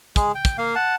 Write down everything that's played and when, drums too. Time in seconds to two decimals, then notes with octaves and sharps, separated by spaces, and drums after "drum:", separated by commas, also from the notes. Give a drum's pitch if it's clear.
0.16 G#3 G#4, drum: kick, hi-hat
0.35 G5
0.45 drum: kick, hi-hat
0.58 A#3 F5
0.75 F#5 A5